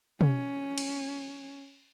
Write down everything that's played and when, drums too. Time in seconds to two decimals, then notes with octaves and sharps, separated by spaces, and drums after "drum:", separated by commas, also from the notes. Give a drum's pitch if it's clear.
0.21 C#4, drum: tom
0.78 drum: cymbal